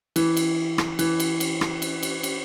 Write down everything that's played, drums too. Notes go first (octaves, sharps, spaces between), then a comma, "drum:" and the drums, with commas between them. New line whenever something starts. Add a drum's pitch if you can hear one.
E3, drum: cymbal
drum: cymbal
drum: rim click
E3, drum: cymbal
drum: cymbal
drum: cymbal
drum: rim click
drum: cymbal
drum: cymbal
drum: cymbal